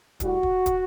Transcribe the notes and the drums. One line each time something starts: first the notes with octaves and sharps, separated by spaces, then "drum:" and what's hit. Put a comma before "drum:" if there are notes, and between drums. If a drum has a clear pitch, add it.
A2 G3 F#4, drum: kick, hi-hat
drum: kick
drum: kick, hi-hat